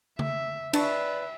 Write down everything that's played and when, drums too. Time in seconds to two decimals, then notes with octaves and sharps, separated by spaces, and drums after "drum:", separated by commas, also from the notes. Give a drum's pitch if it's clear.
0.19 E5, drum: tom C#3
0.73 D4 B4 D5 E5 A5 C#6, drum: cymbal